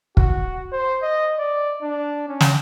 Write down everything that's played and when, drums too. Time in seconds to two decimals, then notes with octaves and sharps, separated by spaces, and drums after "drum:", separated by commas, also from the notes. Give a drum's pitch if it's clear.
0.17 F#4, drum: kick
0.72 C5
1.02 D#5
1.39 D5
1.82 D4
2.28 C#4
2.41 drum: snare